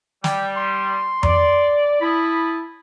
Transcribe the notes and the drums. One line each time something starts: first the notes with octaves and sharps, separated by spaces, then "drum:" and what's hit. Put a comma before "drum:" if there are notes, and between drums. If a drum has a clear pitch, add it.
G3 G5, drum: snare
C6
D5, drum: tom F2
E4 A5 B5 D#6